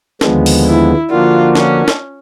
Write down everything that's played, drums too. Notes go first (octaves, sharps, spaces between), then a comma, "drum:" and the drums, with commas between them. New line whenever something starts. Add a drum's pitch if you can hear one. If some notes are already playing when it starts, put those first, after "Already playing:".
D#2 D3 F3 G#3 B3, drum: snare
drum: open hi-hat
E4
D3 F3 A#3 D4 F4 F#4
C#4, drum: snare
drum: snare